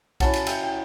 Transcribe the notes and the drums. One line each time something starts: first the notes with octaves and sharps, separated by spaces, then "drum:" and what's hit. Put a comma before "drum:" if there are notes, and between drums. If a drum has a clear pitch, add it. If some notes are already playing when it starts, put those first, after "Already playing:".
F#3 C#4 E4 F#5 A5, drum: kick B1, cymbal
drum: cymbal
E5 G5, drum: cymbal
G5